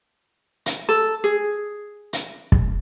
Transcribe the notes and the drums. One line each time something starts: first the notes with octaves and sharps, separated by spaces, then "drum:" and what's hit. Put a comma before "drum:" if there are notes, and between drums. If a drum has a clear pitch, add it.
drum: hi-hat
A4
G#4
drum: hi-hat
drum: kick